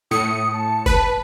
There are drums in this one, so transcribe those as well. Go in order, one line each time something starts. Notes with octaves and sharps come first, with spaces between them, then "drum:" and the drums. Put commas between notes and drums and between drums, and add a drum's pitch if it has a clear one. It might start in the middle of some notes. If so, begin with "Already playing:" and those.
A2 D#6 C#7
A5
B4, drum: kick F#1